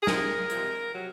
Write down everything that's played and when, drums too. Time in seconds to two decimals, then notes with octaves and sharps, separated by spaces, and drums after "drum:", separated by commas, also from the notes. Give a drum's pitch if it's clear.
0.03 G#4
0.07 C3 F3 G#3 A#4, drum: snare
0.50 C3 F3 G#3, drum: hi-hat
0.93 C3 F#3